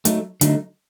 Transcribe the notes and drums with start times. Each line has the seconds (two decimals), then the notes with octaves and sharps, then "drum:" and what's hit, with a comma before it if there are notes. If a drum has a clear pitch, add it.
0.05 F#3 A3 D#4, drum: hi-hat
0.41 D3 F#3 A3 D#4, drum: hi-hat